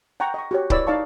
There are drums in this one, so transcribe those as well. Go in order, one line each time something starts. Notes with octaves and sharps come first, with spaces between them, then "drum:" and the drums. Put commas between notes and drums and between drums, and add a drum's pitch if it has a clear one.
F#5 G5 A#5 C#6
D#5 C#6
F#4 G4 C#5
E4 B4 C#5 D5 B5 E6, drum: kick C#1
D#4 D5 F5 A5 C#6